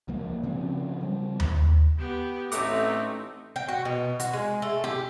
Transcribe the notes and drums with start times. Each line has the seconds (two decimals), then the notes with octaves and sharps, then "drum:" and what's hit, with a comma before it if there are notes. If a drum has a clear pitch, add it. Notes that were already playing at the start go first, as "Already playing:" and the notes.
0.08 C#2 F3 A#3
0.43 C#3 F3 C4 C#4
1.01 C#3 G3
1.40 drum: tom D#2
1.99 B3 G4
2.52 A1 A3 C4 D#4 E5 F#5 D6, drum: hi-hat
3.56 G5
3.68 F#4
3.85 B2
4.20 F#4, drum: hi-hat
4.33 G#3
4.62 A3
4.84 G4